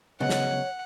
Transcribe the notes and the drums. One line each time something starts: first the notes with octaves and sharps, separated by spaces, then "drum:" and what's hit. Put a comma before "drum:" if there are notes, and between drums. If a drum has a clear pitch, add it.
C#3 F#3 G#3 B3 C#4 C#5 F#5
drum: snare